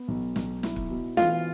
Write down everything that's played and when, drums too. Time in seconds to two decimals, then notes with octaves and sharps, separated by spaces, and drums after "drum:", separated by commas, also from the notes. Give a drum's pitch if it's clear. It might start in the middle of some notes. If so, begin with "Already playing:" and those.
Already playing: B3
0.08 B1
0.36 B1, drum: snare
0.63 E4, drum: snare
0.76 drum: kick
0.90 B2
1.17 E3 F4, drum: snare